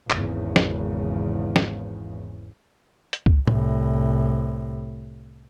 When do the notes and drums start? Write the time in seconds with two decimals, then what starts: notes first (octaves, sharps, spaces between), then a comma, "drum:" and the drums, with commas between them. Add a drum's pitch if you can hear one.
0.10 G#1 E2 C#3, drum: clap
0.56 drum: snare
1.56 drum: snare
3.13 drum: hi-hat
3.26 drum: kick
3.47 C2 A2, drum: tom